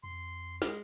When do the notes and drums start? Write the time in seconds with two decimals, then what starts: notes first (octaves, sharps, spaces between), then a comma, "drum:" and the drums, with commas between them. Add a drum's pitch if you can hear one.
0.04 F2 C6
0.62 G#3, drum: snare